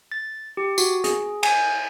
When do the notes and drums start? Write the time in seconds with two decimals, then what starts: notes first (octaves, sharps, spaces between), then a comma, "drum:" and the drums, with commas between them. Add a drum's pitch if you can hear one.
0.12 A6
0.57 G4
0.78 F#4, drum: tambourine
1.04 G#4, drum: hi-hat
1.43 G#5, drum: cymbal